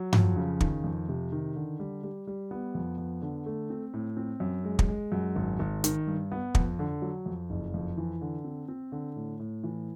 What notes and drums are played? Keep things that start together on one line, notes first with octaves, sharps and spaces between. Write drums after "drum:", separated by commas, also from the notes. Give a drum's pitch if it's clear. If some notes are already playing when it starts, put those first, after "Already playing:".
Already playing: F#3
F2, drum: tom G2
C#3
D#3, drum: kick
F2
C3
D#3
D3
G3
G3
G3
B3
F2
B3
D3
A3
C4
A2
C4
F#2
G#3
drum: kick
G#3
F#2
G#1
G#1
D#3, drum: hi-hat
G2
B3
F2, drum: kick
D3
F#3
F2
F#1
F2
E3
D3
C4
C4
D3
A2
A2
E3